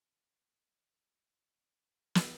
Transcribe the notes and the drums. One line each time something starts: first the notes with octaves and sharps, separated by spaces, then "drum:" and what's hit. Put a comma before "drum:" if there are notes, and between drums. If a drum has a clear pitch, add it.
G#3 A#5
A#2 F3 G3 G4 G#4 G#5
A#1 A3 F4 D5 F5 A#6
D5 F5 A#5 D6 E6
F3 F5 A#6
drum: snare